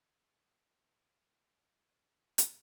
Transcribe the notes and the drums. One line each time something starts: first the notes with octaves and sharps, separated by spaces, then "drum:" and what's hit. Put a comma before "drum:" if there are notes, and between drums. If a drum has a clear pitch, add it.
F1 C#3 F#3 A4
B2 B3 E4 G4
F#2 C3 D#4 G4 C5
drum: hi-hat